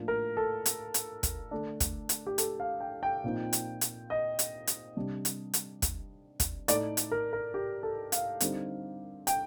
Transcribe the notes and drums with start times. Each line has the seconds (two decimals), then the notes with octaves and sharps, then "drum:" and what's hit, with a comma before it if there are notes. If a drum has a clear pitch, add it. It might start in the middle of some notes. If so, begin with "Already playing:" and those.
Already playing: A2 F3 A#3 D4
0.08 A#4
0.37 A4
0.66 drum: hi-hat
0.94 drum: hi-hat
1.23 drum: kick, hi-hat
1.51 D3 A3 D4
1.80 drum: kick, hi-hat
2.09 drum: hi-hat
2.26 G4
2.38 A4, drum: hi-hat
2.60 F5
2.80 G5
3.03 G5
3.24 A#2 F3 C4 D#4
3.53 drum: hi-hat
3.81 drum: hi-hat
4.10 D#5
4.39 drum: hi-hat
4.67 drum: hi-hat
4.96 C3 G3 D4
5.25 drum: hi-hat
5.54 drum: hi-hat
5.82 drum: kick, hi-hat
6.40 drum: kick, hi-hat
6.68 A2 A3 D#4 D5, drum: hi-hat
6.97 drum: hi-hat
7.12 A#4
7.33 A#4
7.54 G4
7.83 A4
8.12 F5, drum: hi-hat
8.40 D3 G3 C4 D#4, drum: hi-hat
9.27 G5, drum: hi-hat